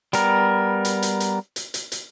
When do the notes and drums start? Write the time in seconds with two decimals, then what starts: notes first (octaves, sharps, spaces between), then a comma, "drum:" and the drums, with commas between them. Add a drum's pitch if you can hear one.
0.13 G3 B3 A#4, drum: hi-hat
0.85 drum: hi-hat
1.02 drum: hi-hat
1.20 drum: hi-hat
1.56 drum: hi-hat
1.74 drum: hi-hat
1.92 drum: hi-hat